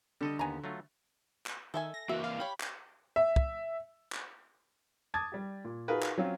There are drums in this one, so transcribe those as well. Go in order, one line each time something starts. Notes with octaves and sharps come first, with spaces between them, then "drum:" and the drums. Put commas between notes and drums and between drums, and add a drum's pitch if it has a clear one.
D3 G3 A4 D#5
D#2 B3 G#5 A#5
F#3 A3 F4
drum: clap
D#3 A4 E5 G#5
A#6
E3 A#3 F#4 E5
F5
G4 C#5 B5
drum: clap
E5
drum: kick
drum: clap
A5 D6 D#6 G#6 A6
G3 G4
A#2
D#4 F4 F#4 G#4 A#4 B4
drum: clap
F#3 C4 C#4 F4